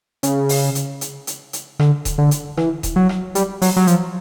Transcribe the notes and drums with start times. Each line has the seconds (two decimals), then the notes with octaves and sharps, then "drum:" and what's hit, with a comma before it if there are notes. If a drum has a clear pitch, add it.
0.23 C#3, drum: hi-hat
0.49 drum: open hi-hat
0.75 drum: hi-hat
1.01 drum: hi-hat
1.27 drum: hi-hat
1.53 drum: hi-hat
1.79 D3, drum: rim click
2.05 drum: kick D#1, hi-hat
2.18 D3
2.31 drum: hi-hat
2.57 E3, drum: rim click
2.83 drum: kick D#1, hi-hat
2.96 F#3
3.09 drum: rim click
3.35 G3, drum: hi-hat
3.62 F#3, drum: open hi-hat
3.76 F#3
3.87 F3, drum: hi-hat